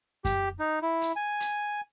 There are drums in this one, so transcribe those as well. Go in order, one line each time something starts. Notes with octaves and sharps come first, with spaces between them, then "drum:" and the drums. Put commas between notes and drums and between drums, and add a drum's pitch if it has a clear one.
G4, drum: kick F#2, hi-hat
D#4
E4
drum: hi-hat
G#5
drum: hi-hat